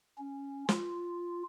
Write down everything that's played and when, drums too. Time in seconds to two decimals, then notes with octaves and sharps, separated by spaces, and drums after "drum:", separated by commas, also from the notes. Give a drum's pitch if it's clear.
0.18 C#4
0.69 F4, drum: snare